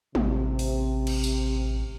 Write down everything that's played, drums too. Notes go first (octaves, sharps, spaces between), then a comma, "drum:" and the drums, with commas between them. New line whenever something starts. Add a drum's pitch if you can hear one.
A1 C3, drum: tom
drum: open hi-hat
drum: cymbal
drum: tambourine